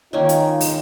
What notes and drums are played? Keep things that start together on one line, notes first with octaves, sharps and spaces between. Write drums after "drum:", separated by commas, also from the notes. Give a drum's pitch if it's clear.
D#3 A#3 C#4 D#4 F4 C#5
drum: hi-hat
drum: open hi-hat